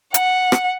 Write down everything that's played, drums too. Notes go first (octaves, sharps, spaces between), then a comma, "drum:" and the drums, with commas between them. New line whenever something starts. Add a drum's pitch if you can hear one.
F#5, drum: hi-hat
drum: rim click